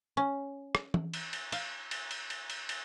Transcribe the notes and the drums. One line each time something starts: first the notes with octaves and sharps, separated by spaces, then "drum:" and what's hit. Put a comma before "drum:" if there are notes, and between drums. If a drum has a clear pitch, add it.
C#4
drum: rim click
drum: tom E3
drum: cymbal
drum: cymbal
F5, drum: cymbal
drum: cymbal
drum: cymbal
drum: cymbal
drum: cymbal
drum: cymbal